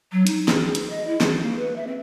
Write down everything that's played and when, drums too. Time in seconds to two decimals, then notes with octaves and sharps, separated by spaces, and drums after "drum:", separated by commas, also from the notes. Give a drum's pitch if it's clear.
0.12 F#3
0.27 D#4, drum: hi-hat
0.48 G#4, drum: snare
0.65 G#4
0.75 drum: hi-hat
0.90 D#5
1.07 E4
1.21 G#4, drum: snare
1.43 A#3
1.59 B4
1.76 E5
1.87 C4